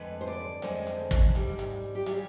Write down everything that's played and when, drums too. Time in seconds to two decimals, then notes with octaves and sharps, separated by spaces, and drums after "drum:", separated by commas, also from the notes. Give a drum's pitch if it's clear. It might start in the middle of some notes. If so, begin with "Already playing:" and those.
Already playing: F2 D3 G#3 B4
0.21 C5
0.27 D5
0.62 F2 D3 G#3 C5, drum: hi-hat
0.87 drum: hi-hat
1.11 drum: kick, hi-hat
1.35 G#2 G3, drum: hi-hat
1.59 drum: hi-hat
1.95 G4
2.06 G3 G#4, drum: hi-hat